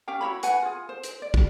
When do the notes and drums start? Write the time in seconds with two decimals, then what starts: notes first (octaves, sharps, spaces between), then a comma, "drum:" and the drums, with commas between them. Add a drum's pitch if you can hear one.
0.08 C#4 G4 F5 G5
0.21 E4 F#4 C#5 B5
0.43 B4 F#5 G#5, drum: hi-hat
0.62 F4 G#4
0.89 C5
1.04 drum: hi-hat
1.22 D5
1.34 drum: kick